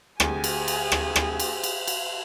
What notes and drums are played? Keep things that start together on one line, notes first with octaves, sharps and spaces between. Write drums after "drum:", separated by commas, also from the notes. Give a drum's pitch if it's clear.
D2 G4 G#4 G#5, drum: rim click
drum: cymbal
drum: cymbal
drum: rim click
drum: rim click
drum: cymbal
drum: cymbal
drum: cymbal